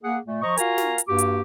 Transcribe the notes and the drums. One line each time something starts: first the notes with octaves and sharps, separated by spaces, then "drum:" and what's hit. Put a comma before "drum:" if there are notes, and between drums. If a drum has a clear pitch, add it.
A#3 G#4 F#5
A#2 A3
F3 C5 D#5 A#5 C#6
F4 F#4 A#4 F5 G#5 A#5, drum: hi-hat
drum: snare
drum: hi-hat
G2 A#3 F#4 G4 D6
drum: hi-hat